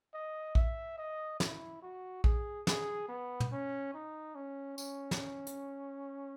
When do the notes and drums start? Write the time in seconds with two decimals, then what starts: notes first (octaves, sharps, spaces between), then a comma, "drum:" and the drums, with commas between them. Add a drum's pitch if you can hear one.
0.14 D#5
0.55 E5, drum: kick A#1
0.98 D#5
1.40 E4, drum: snare
1.82 F#4
2.24 G#4, drum: kick A#1
2.67 G#4, drum: snare
3.08 B3
3.40 drum: tom
3.52 C#4
3.94 D#4
4.35 C#4
4.78 C#4, drum: tambourine
5.11 drum: snare
5.47 drum: hi-hat